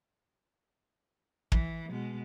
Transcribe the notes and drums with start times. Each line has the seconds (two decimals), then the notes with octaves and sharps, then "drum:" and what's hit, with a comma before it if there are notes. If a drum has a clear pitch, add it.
1.52 E3, drum: kick
1.90 B2 G#3